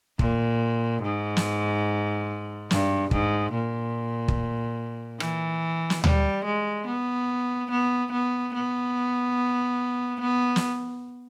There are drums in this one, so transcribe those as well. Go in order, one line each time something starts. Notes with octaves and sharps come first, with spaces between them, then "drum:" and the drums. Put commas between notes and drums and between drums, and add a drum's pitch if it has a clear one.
A#2, drum: kick
G#2
drum: snare
G2, drum: snare
G#2, drum: kick
A#2
drum: kick
E3, drum: rim click
drum: snare
G3, drum: tom D2
G#3
B3
B3
B3
B3
B3
drum: snare